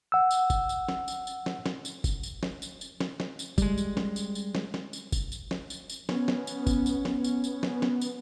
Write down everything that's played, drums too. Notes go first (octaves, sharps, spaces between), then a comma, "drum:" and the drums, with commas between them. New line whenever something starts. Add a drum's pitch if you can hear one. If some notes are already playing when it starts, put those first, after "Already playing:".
F#5 E6
drum: tambourine
drum: kick, tambourine
drum: tambourine
drum: snare
drum: tambourine
drum: tambourine
drum: snare
drum: snare
drum: tambourine
drum: kick, tambourine
drum: tambourine
drum: snare
drum: tambourine
drum: tambourine
drum: snare
drum: snare
drum: tambourine
G3 G#3, drum: kick, tambourine
drum: tambourine
drum: snare
drum: tambourine
drum: tambourine
drum: snare
drum: snare
drum: tambourine
drum: kick, tambourine
drum: tambourine
drum: snare
drum: tambourine
drum: tambourine
B3 C#4, drum: snare
drum: snare
drum: tambourine
drum: kick, tambourine
drum: tambourine
drum: snare
drum: tambourine
drum: tambourine
drum: snare
drum: snare
drum: tambourine